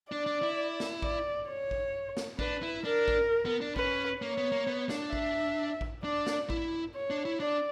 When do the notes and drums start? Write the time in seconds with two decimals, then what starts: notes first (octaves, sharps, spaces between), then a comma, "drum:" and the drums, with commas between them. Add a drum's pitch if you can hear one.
0.12 D4 D5
0.26 D4
0.43 E4
0.80 drum: snare
1.02 D5, drum: kick A1
1.48 C#5
1.71 drum: kick A1
2.17 drum: snare
2.39 D4 B4, drum: kick A1
2.63 E4
2.84 D4 A#4
3.08 drum: kick A1
3.46 B3
3.61 D4
3.76 C#4 B4, drum: kick A1
4.21 A#3 C#5
4.37 B3
4.52 A#3
4.67 B3
4.89 D4, drum: snare
5.13 E5, drum: kick A1
5.81 drum: kick A1
6.04 D4 D5
6.26 drum: snare
6.50 E4, drum: kick A1
6.95 C#5
7.10 D4
7.25 E4
7.40 D4 D5